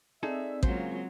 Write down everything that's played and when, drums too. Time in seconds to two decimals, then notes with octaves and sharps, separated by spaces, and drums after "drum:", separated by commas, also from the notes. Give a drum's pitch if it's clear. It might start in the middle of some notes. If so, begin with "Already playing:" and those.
0.23 C4 D#4 G#4 A4 D5 E5
0.63 C#3 F#3 G#3 A#3 C#4 F4 C5, drum: kick A1